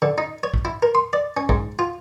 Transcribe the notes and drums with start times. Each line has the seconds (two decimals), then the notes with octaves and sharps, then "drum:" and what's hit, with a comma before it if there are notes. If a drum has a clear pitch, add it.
0.02 D3
0.18 D#4
0.43 C#5
0.54 drum: kick
0.65 E4
0.83 A#4
0.95 C6
1.13 D5
1.37 C#4
1.49 G#2, drum: kick
1.79 F4